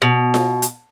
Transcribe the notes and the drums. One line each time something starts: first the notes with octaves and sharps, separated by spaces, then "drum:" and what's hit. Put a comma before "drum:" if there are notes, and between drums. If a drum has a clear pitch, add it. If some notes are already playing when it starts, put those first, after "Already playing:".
B2
drum: snare F4
drum: hi-hat